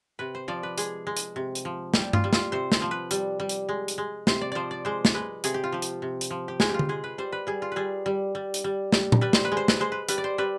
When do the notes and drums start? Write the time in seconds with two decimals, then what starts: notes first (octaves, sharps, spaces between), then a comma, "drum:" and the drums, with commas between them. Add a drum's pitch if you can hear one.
0.19 C3 B4
0.35 C5
0.48 F3 D5
0.63 B4
0.78 G#3 G#4, drum: hi-hat
1.07 G#3
1.17 drum: hi-hat
1.36 C3
1.55 drum: hi-hat
1.65 F3
1.94 G3 G4, drum: snare
2.13 F4, drum: tom G2
2.24 G3
2.33 F4, drum: snare
2.52 C3 C5
2.72 C5, drum: snare
2.82 F3
2.91 B4
3.11 G3, drum: hi-hat
3.40 G3
3.49 drum: hi-hat
3.69 G#3
3.88 drum: hi-hat
3.98 G#3
4.27 C3 C5, drum: snare
4.41 D5
4.52 F3 C5 D5
4.71 D5
4.85 G#3 C5
5.05 drum: snare
5.14 G#3 B4
5.44 C3 G#4, drum: hi-hat
5.54 G4
5.64 F4
5.72 F3 G4
5.82 drum: hi-hat
6.02 C3
6.21 drum: hi-hat
6.30 F3
6.48 G4
6.60 G#3 G#4, drum: snare
6.69 F4 G4
6.79 drum: tom D3
6.89 G#3 G#4
7.04 B4
7.18 G3 C5
7.32 B4
7.47 G3 G#4
7.62 F4
7.72 G3 G#4 B4
8.06 G3
8.35 G3
8.54 drum: hi-hat
8.64 G3
8.92 G3, drum: snare
9.12 drum: tom A#2
9.21 G3 B4
9.33 C5, drum: snare
9.45 B4
9.52 G#3
9.57 C5
9.68 B4, drum: snare
9.80 G#3 C5
9.92 B4
10.09 G3 B4, drum: hi-hat
10.18 D5
10.24 C5
10.38 G3 B4